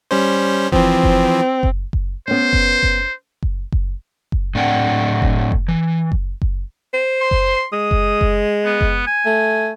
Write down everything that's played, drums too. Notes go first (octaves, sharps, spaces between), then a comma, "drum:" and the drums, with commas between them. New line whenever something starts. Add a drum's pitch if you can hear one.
G3 C#4 C5
E3 F3 C4, drum: kick F#1
drum: kick F#1
drum: kick F#1
drum: kick F#1
B3 C#4 C5
drum: kick F#1
drum: kick F#1
drum: kick F#1
drum: kick F#1
drum: kick F#1
A2 C4 D4 F#5 G5
drum: kick F#1
drum: kick F#1
E3
drum: kick F#1
drum: kick F#1
C5
C6
drum: kick F#1
G#3 D#6
drum: kick F#1
drum: kick F#1
B3
drum: kick F#1
G#5
A3